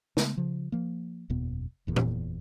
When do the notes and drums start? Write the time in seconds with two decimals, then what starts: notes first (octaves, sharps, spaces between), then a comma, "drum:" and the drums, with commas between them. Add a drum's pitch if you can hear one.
0.17 C#3 G#3 A3 B3, drum: snare
0.37 C#3 F3
0.72 F3 A#3
1.30 F#1 E2 B2 B3
1.87 F#1 E2 A#2
1.96 drum: tom A#2